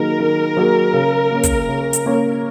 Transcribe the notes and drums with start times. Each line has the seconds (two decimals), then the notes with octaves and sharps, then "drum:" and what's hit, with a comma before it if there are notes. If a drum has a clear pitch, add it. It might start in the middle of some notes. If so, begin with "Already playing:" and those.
Already playing: D#3 F#3 A#3 D#4 G#4 A#4
0.20 D#3
0.57 F#3 A#3 D#4 G#4
0.93 C#3
1.31 A#3 C#4
1.44 drum: kick, hi-hat
1.69 C#3
1.93 drum: hi-hat
2.06 A#3 C#4